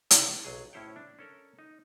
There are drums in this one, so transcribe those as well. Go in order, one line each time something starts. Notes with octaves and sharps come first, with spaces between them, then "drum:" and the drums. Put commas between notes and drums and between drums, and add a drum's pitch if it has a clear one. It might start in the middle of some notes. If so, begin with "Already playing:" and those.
C3 C5, drum: hi-hat
B1 F#3 G#4
A2 C#4 E4 C5 C#5 G5
D4
C#4 A4 A#4
D#4